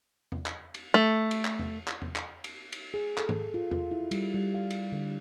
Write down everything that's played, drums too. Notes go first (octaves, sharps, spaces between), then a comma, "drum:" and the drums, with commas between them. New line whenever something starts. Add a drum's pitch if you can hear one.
drum: tom E2
drum: clap
drum: cymbal
A3
drum: cymbal
drum: clap
drum: tom E2
drum: clap
drum: tom E2
drum: clap
drum: cymbal
drum: cymbal
G#4
A4, drum: clap
drum: tom
F4
F4, drum: tom E2
E4
G3, drum: cymbal
G3
F5
drum: cymbal
D3